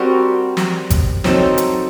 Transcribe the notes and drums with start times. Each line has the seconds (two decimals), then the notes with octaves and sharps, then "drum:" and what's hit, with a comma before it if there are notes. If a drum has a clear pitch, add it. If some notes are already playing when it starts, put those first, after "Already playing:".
Already playing: G3 C4 F#4 A#4
0.57 drum: snare
0.90 drum: kick G#1, hi-hat
1.24 F#3 C4 D#4 A4, drum: snare
1.58 drum: hi-hat